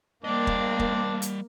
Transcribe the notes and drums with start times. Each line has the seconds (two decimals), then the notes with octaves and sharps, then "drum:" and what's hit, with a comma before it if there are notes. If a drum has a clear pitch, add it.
0.24 G3 A#3 C4 D4 D5 D#5
0.47 drum: kick
0.79 drum: kick
1.22 drum: hi-hat